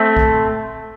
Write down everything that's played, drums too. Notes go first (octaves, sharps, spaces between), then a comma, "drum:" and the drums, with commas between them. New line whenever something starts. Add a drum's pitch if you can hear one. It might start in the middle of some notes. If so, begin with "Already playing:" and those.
Already playing: A3 C4
drum: kick B1